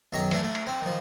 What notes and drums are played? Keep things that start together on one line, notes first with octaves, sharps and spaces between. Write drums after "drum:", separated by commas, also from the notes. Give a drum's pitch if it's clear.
B1 F#2 D#3 C#4 A#5
E3 A3 D4, drum: cymbal
A3
drum: cymbal
C4
D#3 F3